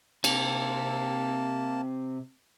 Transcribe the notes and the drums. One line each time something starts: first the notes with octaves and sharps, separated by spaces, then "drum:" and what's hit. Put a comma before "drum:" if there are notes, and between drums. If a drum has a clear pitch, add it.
C3 A#3 A5, drum: cymbal